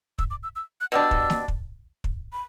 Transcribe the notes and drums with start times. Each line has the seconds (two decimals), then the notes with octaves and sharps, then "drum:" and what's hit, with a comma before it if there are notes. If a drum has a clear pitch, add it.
0.19 E6, drum: kick
0.31 D6
0.43 E6
0.56 E6
0.81 F#6
0.92 B2 G3 D4 E6
1.11 drum: kick
1.30 drum: snare
1.48 drum: kick
2.04 drum: kick
2.33 B5